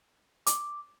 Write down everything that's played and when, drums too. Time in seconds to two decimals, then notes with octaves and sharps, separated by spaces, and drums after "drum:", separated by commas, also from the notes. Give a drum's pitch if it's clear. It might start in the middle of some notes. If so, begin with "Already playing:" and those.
0.47 D6, drum: hi-hat